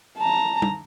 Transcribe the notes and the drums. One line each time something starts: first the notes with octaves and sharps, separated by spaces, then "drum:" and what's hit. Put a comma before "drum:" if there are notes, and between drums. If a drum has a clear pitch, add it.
A5 A#5
drum: tom G3